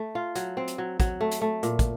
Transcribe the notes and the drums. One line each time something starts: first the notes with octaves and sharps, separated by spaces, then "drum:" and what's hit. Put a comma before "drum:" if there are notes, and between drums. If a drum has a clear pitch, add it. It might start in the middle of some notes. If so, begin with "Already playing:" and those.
Already playing: A3
F4
F#3, drum: hi-hat
C4
drum: hi-hat
F#3
F#3, drum: kick, hi-hat
A3
drum: hi-hat
A3
A#2, drum: hi-hat
drum: kick, hi-hat